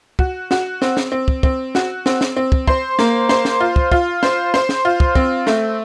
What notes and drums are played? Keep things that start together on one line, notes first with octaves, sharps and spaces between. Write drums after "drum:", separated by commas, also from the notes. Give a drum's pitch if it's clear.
F#4, drum: kick
F#4, drum: snare
C4, drum: snare
drum: snare
C4
drum: kick
C4, drum: kick
F#4, drum: snare
C4, drum: snare
drum: snare
C4
drum: kick
C5, drum: kick
A#3, drum: snare
C5, drum: snare
drum: snare
F4
drum: kick
F4, drum: kick
C5, drum: snare
C5, drum: snare
drum: snare
F4
drum: kick
C4, drum: kick
A3, drum: snare